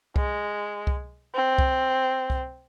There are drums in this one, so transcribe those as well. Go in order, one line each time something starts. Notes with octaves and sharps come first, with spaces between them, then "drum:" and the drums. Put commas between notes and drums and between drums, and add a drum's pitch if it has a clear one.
G#3, drum: kick C2
drum: kick C2
C4
drum: kick C2
drum: kick C2